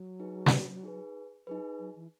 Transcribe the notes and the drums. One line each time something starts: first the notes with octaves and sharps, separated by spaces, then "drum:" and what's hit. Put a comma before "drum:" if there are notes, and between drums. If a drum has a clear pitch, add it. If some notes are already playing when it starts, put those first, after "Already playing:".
Already playing: F#3
D#4 G#4 B4
drum: snare
D#4 G#4 B4
F#3 D#4 G#4 B4
F#3
E3